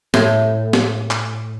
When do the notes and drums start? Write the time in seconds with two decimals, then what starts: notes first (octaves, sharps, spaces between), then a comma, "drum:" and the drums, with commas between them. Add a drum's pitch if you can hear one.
0.14 A2, drum: snare
0.73 drum: snare
1.11 drum: clap